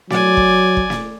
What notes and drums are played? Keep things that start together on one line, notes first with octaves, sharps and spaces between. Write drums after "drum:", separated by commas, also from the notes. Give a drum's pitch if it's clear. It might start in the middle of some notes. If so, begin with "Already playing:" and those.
F#3 D5 G#5, drum: snare
drum: kick
drum: kick
drum: snare